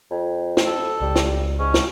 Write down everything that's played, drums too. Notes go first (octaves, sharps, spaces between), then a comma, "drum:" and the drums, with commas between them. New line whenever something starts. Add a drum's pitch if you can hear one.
F2
drum: snare
A4
C#2 G3
drum: snare
G#2 C#4
drum: snare